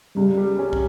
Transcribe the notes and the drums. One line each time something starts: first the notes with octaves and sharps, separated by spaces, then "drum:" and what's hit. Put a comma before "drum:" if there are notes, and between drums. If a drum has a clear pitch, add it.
C#2 G3
G3
C#4
drum: kick